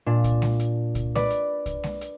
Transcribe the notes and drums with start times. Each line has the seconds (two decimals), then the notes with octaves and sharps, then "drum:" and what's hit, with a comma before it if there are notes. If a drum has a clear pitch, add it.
0.06 A#2 D4
0.24 drum: kick C2, hi-hat
0.42 drum: snare G#3
0.60 drum: hi-hat
0.95 drum: kick C2, hi-hat
1.15 B4 D5, drum: snare G#3
1.30 drum: hi-hat
1.66 drum: kick C2, hi-hat
1.83 drum: snare G#3
2.01 drum: hi-hat